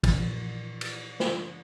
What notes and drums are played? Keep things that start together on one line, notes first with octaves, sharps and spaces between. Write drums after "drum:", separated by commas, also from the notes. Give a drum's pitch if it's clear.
A#2 E3 F3, drum: kick, cymbal
drum: cymbal
drum: snare